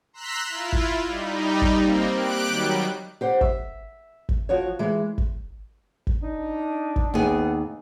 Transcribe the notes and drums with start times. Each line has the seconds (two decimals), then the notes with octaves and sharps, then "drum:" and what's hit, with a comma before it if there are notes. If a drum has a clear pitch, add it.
0.13 A#5 C6 E6 F#6 B6
0.49 E4 F4
0.72 drum: kick
1.05 G3 D#4
1.62 drum: kick
1.74 A#3 C4
2.15 G4 F#6 D7
2.47 D#3 F#3 G3
3.21 G4 C5 F#5
3.41 E5, drum: kick
4.29 drum: kick
4.49 F3 F#4 C#5
4.79 E3 G#3
5.18 drum: kick
6.07 drum: kick
6.23 D4 D#4
6.96 drum: kick
7.14 D#2 B3 G#4